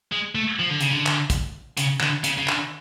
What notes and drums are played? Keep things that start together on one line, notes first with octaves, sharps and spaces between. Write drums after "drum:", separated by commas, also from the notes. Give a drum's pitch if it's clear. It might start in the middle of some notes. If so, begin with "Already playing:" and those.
G#3
A3
F3
D3
C#3, drum: hi-hat
D3
drum: clap
drum: kick, hi-hat
C#3, drum: hi-hat
D3, drum: clap
C#3, drum: hi-hat
C#3
D3, drum: clap